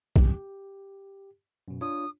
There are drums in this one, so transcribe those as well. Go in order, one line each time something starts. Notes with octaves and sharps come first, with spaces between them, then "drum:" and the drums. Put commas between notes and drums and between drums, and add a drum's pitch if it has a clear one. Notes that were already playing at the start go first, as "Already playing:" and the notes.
G4, drum: kick
F#2 B2
D4 F4 C#5 D#6